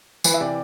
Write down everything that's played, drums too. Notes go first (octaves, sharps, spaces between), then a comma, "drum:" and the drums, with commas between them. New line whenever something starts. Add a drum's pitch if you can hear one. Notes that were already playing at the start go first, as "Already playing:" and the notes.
E3 B4, drum: tambourine
E5
C3 D5